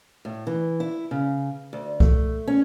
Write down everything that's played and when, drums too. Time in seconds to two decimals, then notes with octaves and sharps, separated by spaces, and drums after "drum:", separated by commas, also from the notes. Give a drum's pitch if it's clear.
0.25 A2
0.47 E3
0.80 E4
1.11 C#3
1.73 D2
2.00 A3, drum: kick C2
2.48 C#4